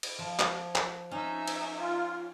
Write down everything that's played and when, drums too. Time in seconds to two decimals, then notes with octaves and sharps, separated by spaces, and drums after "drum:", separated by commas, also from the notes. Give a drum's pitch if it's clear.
0.03 drum: cymbal
0.19 F3
0.39 drum: clap
0.75 drum: clap
1.11 C#4 D#4 E5
1.48 drum: cymbal
1.79 F4